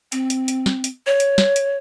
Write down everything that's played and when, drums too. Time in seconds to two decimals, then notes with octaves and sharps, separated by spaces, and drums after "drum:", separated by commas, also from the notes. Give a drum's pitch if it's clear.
0.12 C4, drum: hi-hat
0.30 drum: hi-hat
0.48 drum: hi-hat
0.66 drum: snare
0.84 drum: hi-hat
1.06 C#5
1.20 drum: hi-hat
1.38 drum: snare
1.56 drum: hi-hat